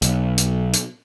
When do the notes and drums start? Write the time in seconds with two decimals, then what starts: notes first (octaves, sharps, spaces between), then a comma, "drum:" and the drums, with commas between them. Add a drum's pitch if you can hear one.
0.02 B1, drum: hi-hat
0.38 drum: hi-hat
0.73 drum: hi-hat